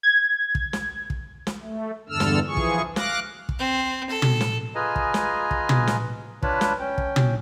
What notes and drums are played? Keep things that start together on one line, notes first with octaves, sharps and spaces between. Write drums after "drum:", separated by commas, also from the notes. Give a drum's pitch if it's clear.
G#6
drum: kick
drum: snare
drum: kick
drum: snare
A3
E2 G2 D3 A4 E6 F6
drum: snare
E3 F3 G#4 C#6
drum: kick
F5 D6 F#6 A#6, drum: snare
drum: kick
C4
A4
drum: tom
drum: snare
F4 G#4 B4 D#5 G#5 A#5
drum: kick
drum: snare
drum: kick
drum: tom
drum: snare
D4 F4 B4 C#5 A5 B5, drum: kick
drum: snare
C#4 G5
drum: kick
drum: tom